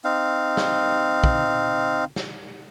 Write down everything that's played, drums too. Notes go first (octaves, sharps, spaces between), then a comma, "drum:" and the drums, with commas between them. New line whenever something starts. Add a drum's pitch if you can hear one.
C4 D#4 F5
drum: snare
drum: kick
drum: snare